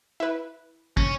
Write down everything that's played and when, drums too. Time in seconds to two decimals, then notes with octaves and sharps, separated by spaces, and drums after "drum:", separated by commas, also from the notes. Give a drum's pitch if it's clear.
0.20 E4 B4
0.97 C#4, drum: kick